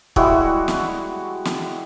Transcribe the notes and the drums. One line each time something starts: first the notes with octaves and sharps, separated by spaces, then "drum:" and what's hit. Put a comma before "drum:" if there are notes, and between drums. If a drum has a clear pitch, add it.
G3 G#3 E4 F#4, drum: kick
drum: snare
drum: snare